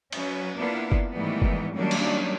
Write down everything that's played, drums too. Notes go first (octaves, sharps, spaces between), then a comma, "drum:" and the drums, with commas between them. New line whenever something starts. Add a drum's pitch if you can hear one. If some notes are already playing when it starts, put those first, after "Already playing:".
F#3 C#4 B4, drum: cymbal
A#3 B3 D4 E4 F4
drum: kick F#1
G#2 D#3 E3 G3 A3 B3
drum: kick F#1
D#3 F#3 G3 A#3 C#4 D4
drum: cymbal